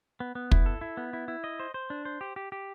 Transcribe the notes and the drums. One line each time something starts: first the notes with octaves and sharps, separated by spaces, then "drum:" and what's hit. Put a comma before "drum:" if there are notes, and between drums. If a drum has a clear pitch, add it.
B3
B3
E4, drum: kick
A4
E4
B3
E4
E4
D#5
C5
C5
D4
C5
G4
G4
G4